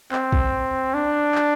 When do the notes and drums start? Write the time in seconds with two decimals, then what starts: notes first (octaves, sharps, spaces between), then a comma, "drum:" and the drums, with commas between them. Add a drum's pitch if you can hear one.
0.12 C4, drum: clap
0.32 drum: kick
0.94 D4
1.35 drum: clap